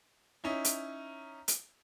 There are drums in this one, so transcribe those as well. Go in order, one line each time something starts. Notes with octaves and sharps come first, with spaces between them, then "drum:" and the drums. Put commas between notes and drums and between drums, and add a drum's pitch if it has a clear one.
C#4 D#4 E4
drum: hi-hat
drum: hi-hat